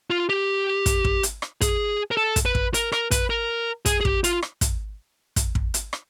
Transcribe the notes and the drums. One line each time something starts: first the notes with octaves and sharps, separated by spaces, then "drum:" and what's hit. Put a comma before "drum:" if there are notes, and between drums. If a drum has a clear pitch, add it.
F4
G4
drum: kick, hi-hat
drum: kick
drum: hi-hat
drum: rim click
G#4, drum: kick, hi-hat
A#4
A4
drum: kick, hi-hat
B4
drum: kick
A#4, drum: hi-hat
A#4, drum: rim click
B4, drum: kick, hi-hat
A#4
G#4, drum: kick, hi-hat
G#4
G4, drum: kick
F4, drum: hi-hat
drum: rim click
drum: kick, hi-hat
drum: kick, hi-hat
drum: kick
drum: hi-hat
drum: rim click